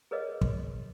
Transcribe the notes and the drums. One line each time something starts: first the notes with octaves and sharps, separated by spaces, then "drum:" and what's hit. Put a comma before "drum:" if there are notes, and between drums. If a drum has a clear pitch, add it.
G#4 A#4 B4 C#5 D#5 F5
drum: kick